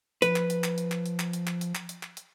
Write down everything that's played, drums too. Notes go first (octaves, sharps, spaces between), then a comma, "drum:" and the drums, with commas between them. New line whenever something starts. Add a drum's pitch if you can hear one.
F3 B4, drum: hi-hat
drum: clap
drum: hi-hat
drum: clap
drum: hi-hat
drum: clap
drum: hi-hat
drum: clap
drum: hi-hat
drum: clap
drum: hi-hat
drum: clap
drum: hi-hat
drum: clap
drum: hi-hat